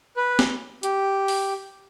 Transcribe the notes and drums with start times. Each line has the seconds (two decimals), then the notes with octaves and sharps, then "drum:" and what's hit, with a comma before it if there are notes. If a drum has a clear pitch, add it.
0.17 B4
0.39 drum: snare
0.83 G4, drum: hi-hat
1.28 drum: open hi-hat